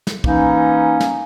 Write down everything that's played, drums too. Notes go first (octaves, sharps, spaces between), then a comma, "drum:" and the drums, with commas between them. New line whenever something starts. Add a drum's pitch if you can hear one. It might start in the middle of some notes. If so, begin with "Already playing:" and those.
drum: snare
E3 A#3 C#4 D#4, drum: kick
drum: snare